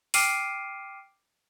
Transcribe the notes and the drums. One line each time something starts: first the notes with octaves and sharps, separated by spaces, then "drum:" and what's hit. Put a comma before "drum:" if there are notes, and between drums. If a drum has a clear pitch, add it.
G5 D6 F6 C7 D7 D#7, drum: open hi-hat